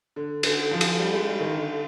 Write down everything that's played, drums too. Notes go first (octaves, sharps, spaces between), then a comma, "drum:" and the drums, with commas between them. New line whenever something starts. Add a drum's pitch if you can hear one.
D3
D3, drum: cymbal
F3
drum: cymbal
G3
G#3
G3
D#3
D3